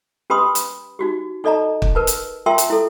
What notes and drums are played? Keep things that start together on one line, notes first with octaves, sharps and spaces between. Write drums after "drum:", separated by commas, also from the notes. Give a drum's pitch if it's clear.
C#4 G4 B4 B5 C6 D#6
drum: hi-hat
D#4 F#4 G4
D#4 A4 D5 D#5 A5 A#5
drum: kick
A#4 B4 A5
drum: hi-hat
F4 A#4 E5 G5 A5 C6
drum: hi-hat
E4 A4